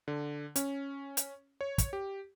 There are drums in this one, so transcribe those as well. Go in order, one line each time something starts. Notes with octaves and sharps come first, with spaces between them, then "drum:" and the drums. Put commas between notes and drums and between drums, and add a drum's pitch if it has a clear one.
D3
C#4, drum: hi-hat
drum: hi-hat
C#5
drum: kick, hi-hat
G4